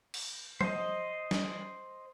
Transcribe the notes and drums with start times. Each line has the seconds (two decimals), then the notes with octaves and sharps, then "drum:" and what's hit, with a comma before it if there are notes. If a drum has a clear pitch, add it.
0.14 drum: cymbal
0.61 C5 D#5, drum: tom F3
1.31 drum: snare